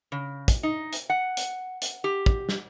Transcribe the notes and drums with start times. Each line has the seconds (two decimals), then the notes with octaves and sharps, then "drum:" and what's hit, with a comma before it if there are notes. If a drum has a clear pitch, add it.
0.12 C#3
0.48 drum: kick, hi-hat
0.63 D#4
0.93 drum: hi-hat
1.10 F#5
1.37 drum: hi-hat
1.82 drum: hi-hat
2.04 G4
2.26 drum: kick
2.49 drum: snare